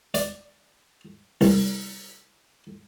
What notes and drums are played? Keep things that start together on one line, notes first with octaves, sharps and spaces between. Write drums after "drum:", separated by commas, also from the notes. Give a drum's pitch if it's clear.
D5, drum: hi-hat
C2, drum: open hi-hat